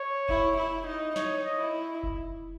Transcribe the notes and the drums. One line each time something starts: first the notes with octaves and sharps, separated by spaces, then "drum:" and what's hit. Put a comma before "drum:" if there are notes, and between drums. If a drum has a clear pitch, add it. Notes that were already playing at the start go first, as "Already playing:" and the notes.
Already playing: C#5
E4, drum: kick F1
E4
D#4
D#4 C#5, drum: snare
D#5
E4
drum: kick F1